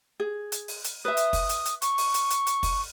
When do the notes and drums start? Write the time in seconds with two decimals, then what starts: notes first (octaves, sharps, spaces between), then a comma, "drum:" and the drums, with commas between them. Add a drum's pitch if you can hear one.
0.20 G#4
0.52 drum: hi-hat
0.68 drum: open hi-hat
0.84 drum: hi-hat
1.05 B4 E5 D#6
1.17 drum: hi-hat
1.33 drum: kick, open hi-hat
1.49 drum: hi-hat
1.65 drum: hi-hat
1.82 C#6, drum: hi-hat
1.98 drum: open hi-hat
2.14 drum: hi-hat
2.30 drum: hi-hat
2.47 drum: hi-hat
2.63 drum: kick, open hi-hat